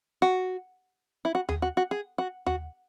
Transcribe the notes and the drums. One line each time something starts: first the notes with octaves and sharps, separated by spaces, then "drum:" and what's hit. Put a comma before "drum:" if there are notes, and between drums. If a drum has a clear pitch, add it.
F#4
E4
F#4
G#4, drum: tom D#2
F#4
F#4
G#4
F#4
F#4, drum: tom D#2